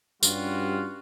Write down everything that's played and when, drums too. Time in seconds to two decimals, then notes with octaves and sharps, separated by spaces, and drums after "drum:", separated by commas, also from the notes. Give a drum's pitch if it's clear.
0.23 G2 G3 C#4 F4 F#4, drum: tambourine